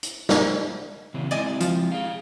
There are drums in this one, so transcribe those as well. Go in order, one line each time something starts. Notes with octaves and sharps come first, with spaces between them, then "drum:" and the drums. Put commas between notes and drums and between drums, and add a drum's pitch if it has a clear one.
drum: hi-hat
drum: snare
C#3 E3 C4
G#3 C4 E4 D5 D#5 G#5
F3, drum: hi-hat
G#4 F5